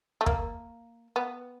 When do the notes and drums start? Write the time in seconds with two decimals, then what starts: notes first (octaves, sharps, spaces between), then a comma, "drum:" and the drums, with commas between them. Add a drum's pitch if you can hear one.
0.21 A3
0.26 A#3, drum: kick
1.16 B3